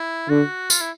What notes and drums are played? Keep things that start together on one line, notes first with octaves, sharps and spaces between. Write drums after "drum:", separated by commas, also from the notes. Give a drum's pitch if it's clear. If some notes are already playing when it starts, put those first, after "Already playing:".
Already playing: E4
D3 F#4
F4, drum: tambourine
E4